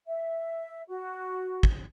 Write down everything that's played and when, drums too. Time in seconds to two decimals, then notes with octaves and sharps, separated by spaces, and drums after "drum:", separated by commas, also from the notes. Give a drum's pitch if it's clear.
0.07 E5
0.89 F#4
1.63 drum: kick